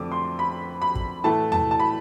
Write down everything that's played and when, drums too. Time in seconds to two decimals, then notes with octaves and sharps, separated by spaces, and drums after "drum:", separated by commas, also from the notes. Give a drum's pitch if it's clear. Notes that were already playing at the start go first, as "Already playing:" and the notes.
Already playing: F2 D3 A3 D6
0.12 C6
0.39 B5
0.82 B5
0.95 drum: kick
1.24 A2 E3 A3 A5
1.52 A5, drum: tom E2
1.71 A5
1.80 B5